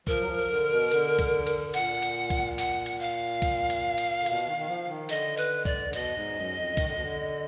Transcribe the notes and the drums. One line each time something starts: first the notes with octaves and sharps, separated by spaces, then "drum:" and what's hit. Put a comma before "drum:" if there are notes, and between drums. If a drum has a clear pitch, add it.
F3 A#4, drum: kick
F#3
F3
D3
B2
D3, drum: cymbal
drum: kick, cymbal
drum: cymbal
A#2 F#5, drum: cymbal
drum: cymbal
drum: kick, cymbal
F#5, drum: cymbal
drum: cymbal
F5
drum: kick, cymbal
drum: cymbal
drum: cymbal
D3
B2, drum: cymbal
D#3
D#3
F3
D#3
D3 D#5, drum: cymbal
B4, drum: cymbal
D5, drum: kick
D3
B2 D#5, drum: cymbal
G#2
F#2
F2
D#3, drum: kick, cymbal
D3
B2
D3